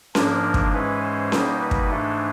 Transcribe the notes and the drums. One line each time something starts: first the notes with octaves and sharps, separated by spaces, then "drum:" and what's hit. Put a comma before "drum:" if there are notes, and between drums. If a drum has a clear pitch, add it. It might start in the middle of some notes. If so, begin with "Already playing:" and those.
G#2 F3 A#3 D4 A#4, drum: snare C#4
drum: kick
G#2 E3 G#3 C#4 B4
C5
B2 G3 A#3 D#4 C5, drum: snare C#4
B4
drum: kick
G#2 E3 A3 D4 A4